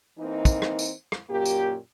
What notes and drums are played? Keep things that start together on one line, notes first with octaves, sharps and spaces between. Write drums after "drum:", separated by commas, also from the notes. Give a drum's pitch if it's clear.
E3 A#3 C4 D#4
drum: kick, tambourine
drum: rim click
drum: tambourine
drum: rim click
F#2 A#2 A#3 G4
drum: tambourine